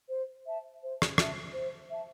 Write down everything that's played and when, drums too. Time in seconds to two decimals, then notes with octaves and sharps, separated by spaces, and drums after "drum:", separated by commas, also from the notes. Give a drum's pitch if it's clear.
0.10 C5
0.46 E5 A5
0.82 C5
1.02 drum: rim click
1.18 E5 A5, drum: rim click
1.54 C5
1.90 E5 A5